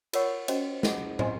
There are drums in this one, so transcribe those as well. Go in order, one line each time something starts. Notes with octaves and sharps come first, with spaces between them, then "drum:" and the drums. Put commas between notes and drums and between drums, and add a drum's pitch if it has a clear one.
F4 A#4 C#5 F#5 C#6, drum: cymbal
C#4 F#4 C5 D#5, drum: cymbal
F4 G#4 C5 D#5 F#5, drum: snare
C5 D#5 G#5 C6, drum: tom